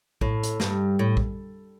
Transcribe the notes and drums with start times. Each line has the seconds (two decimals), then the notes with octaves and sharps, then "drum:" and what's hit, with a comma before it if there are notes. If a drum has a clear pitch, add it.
0.21 A2, drum: kick
0.43 drum: hi-hat
0.60 G2, drum: snare
0.99 A2
1.17 drum: kick